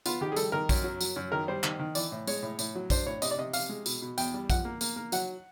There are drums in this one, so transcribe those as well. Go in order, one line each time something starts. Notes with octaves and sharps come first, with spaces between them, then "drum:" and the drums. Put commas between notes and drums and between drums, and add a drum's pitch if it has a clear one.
B3 F4, drum: tambourine
D#3 G4
G#4
G3 A4, drum: tambourine
D#3 A#4
F#2, drum: kick A#1, tambourine
F#3
F#3, drum: tambourine
F#2
D#3 A#4
G3 C5
D#3, drum: clap
D#3
E3 D5, drum: tambourine
A2
G#3 C#5, drum: tambourine
A2
A2, drum: tambourine
F#3
D4 C5, drum: kick A#1, tambourine
A2 C#5
C3 D#5, drum: tambourine
D5
C3 D#5
C3 F5, drum: tambourine
G#3
B2, drum: tambourine
B2
E2 G5, drum: tambourine
G3
F3 F#5, drum: kick A#1, tambourine
A#3
A#3, drum: tambourine
A#3
F#3 F#5, drum: tambourine